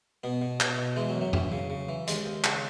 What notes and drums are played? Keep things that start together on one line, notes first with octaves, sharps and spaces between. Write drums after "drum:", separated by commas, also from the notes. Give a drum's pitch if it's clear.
B2 B3
B2
B2, drum: clap
B2
E3 G#3
F#3
F#2
F#3
E3 F#3, drum: tom F2
C#3
C#3
E3
D#2 G#3, drum: hi-hat
D#2
C#3, drum: clap